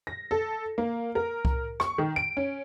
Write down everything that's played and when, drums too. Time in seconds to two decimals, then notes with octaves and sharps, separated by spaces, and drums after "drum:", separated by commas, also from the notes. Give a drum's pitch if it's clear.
0.07 A#6
0.31 A4
0.78 A#3
1.15 A#4
1.45 drum: kick C2
1.80 C#6, drum: rim click
1.98 D#3
2.16 D7
2.37 C#4